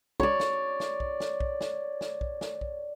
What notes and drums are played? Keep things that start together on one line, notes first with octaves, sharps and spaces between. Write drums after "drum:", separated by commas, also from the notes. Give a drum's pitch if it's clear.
C#5 D5, drum: kick
drum: snare
drum: snare
drum: kick
drum: snare
drum: kick
drum: snare
drum: snare
drum: kick
drum: snare
drum: kick